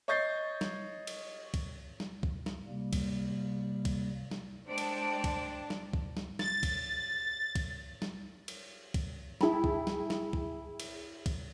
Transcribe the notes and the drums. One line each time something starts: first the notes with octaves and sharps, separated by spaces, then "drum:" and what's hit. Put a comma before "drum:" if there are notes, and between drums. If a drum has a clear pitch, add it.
C#5 D#5 C#6 G6 A6 C7
drum: snare
drum: cymbal
drum: kick, cymbal
drum: snare
drum: kick
drum: snare
C3 G3 A#3
drum: kick, cymbal
drum: kick, cymbal
drum: snare
G#3 D4 C5 D5 G5 A5
drum: cymbal
drum: kick, cymbal
drum: snare
drum: kick
drum: snare
A6, drum: snare
drum: kick, cymbal
drum: kick, cymbal
drum: snare
drum: cymbal
drum: kick, cymbal
E4 G#4 G5 A5 B5, drum: snare
drum: kick
drum: snare
drum: snare
drum: kick
drum: cymbal
drum: kick, cymbal